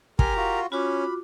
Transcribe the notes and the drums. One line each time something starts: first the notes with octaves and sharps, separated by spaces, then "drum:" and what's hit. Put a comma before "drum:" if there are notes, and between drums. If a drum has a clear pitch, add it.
G4 A#4 G#5 A#5 C6, drum: kick
F4 F#4
C#4 F4 F#4 B5 D6